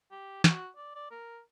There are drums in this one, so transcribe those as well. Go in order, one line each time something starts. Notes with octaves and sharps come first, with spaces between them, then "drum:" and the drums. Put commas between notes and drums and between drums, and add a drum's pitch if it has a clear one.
G4
F#4, drum: snare
D5
D5
A#4